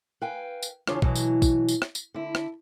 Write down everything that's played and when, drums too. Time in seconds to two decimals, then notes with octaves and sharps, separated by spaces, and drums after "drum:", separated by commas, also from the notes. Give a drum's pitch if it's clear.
0.22 B4 F5 G5 G#5
0.63 drum: tambourine
0.87 E2 C#3 D4 F4 C#5, drum: rim click
1.02 B2 E3 F#3, drum: kick
1.16 drum: tambourine
1.42 drum: kick, tambourine
1.69 drum: tambourine
1.82 drum: rim click
1.95 drum: tambourine
2.14 D3 E4
2.35 drum: rim click